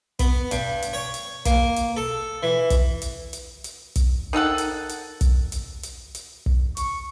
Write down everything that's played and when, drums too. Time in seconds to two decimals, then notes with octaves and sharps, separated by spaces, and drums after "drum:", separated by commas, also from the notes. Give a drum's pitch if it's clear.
0.19 B3, drum: kick, hi-hat
0.51 G2, drum: hi-hat
0.83 drum: hi-hat
0.93 C#5
1.14 drum: hi-hat
1.46 A#3, drum: kick, hi-hat
1.77 drum: hi-hat
1.96 A4
2.43 E3
2.71 drum: kick, hi-hat
3.02 drum: hi-hat
3.33 drum: hi-hat
3.64 drum: hi-hat
3.96 drum: kick, hi-hat
4.33 D#3 D#4 A4 F#5
4.58 drum: hi-hat
4.90 drum: hi-hat
5.21 drum: kick, hi-hat
5.52 drum: hi-hat
5.84 drum: hi-hat
6.15 drum: hi-hat
6.46 drum: kick
6.77 C#6, drum: hi-hat